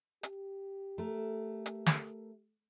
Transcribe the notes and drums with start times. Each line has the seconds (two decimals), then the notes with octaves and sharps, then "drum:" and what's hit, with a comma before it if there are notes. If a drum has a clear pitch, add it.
0.23 G4, drum: hi-hat
0.98 A3 A#4
1.66 drum: hi-hat
1.86 drum: snare